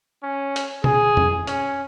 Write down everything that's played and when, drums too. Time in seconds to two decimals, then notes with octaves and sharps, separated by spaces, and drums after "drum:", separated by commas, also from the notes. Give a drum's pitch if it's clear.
0.23 C#4
0.56 drum: hi-hat
0.84 G#4, drum: tom B2
1.17 drum: tom
1.47 C#4, drum: hi-hat